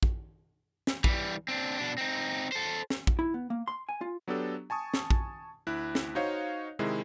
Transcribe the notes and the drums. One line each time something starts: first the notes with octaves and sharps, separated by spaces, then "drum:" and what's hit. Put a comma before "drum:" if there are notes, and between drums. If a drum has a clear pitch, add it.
drum: kick
drum: snare
E3 G3, drum: kick
C4 D4
B2 D4
C4 D#4
A4 C5
drum: snare
drum: kick
E4
B3
A#3
C6
G#5
F4
F#3 B3 D4 G4 A4
G#5 A5 C#6 D#6
drum: snare
drum: kick
D2 E4 F#6
drum: snare
D#4 F#4 C5 C#5 D#5 F5
C3 D#3 G#3 E4